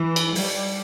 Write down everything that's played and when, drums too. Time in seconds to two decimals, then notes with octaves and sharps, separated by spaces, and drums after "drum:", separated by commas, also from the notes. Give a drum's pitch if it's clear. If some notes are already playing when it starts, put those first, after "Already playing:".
Already playing: E3
0.16 drum: cymbal
0.35 G3, drum: open hi-hat